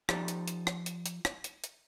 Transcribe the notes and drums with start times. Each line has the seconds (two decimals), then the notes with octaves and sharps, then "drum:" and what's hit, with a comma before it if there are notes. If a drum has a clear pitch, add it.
0.09 F3 D#4 G4 A4 D5, drum: rim click
0.28 drum: hi-hat
0.48 drum: hi-hat
0.67 drum: rim click
0.86 drum: hi-hat
1.06 drum: hi-hat
1.25 drum: rim click
1.44 drum: hi-hat
1.64 drum: hi-hat